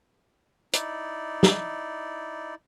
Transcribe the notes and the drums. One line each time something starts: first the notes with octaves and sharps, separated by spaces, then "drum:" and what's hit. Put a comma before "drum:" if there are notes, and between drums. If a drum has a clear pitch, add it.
D#4 E4 D5, drum: hi-hat
drum: snare